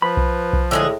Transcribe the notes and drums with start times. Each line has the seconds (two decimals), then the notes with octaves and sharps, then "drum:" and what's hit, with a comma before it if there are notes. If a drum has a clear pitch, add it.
0.02 F3 B4 B5
0.17 drum: kick B1
0.53 drum: kick B1
0.71 A2 D3 G#3 G#4